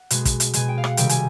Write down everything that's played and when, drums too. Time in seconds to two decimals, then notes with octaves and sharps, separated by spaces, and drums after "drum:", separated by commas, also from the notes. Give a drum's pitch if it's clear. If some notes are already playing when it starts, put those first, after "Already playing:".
Already playing: F#5
0.10 B2 G#3, drum: hi-hat
0.25 drum: kick, hi-hat
0.40 drum: hi-hat
0.54 B2 G#3 G#5, drum: hi-hat
0.69 G5
0.78 F5
0.84 F#5, drum: rim click
0.97 C3 D#3 G3 G5, drum: hi-hat
1.09 G#5, drum: hi-hat